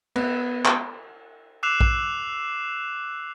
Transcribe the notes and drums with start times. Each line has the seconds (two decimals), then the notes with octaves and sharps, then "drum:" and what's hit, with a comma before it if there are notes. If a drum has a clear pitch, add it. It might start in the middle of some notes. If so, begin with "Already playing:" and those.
0.16 B3, drum: cymbal
0.65 drum: clap
1.63 D6 E6 F#6 C7 E7 F7
1.81 drum: kick A#1